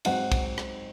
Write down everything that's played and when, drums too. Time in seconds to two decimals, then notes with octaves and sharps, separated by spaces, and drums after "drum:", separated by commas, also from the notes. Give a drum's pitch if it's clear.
0.05 G#2 F#3 C4 D#4 F#5, drum: cymbal
0.32 drum: kick, cymbal
0.58 drum: rim click